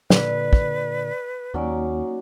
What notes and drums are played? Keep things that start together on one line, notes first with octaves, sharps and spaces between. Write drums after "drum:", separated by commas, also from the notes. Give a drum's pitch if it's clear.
A#2 D3 B4 D5, drum: snare
drum: kick
D#2 F#3 A#3 C#4 D#4 D5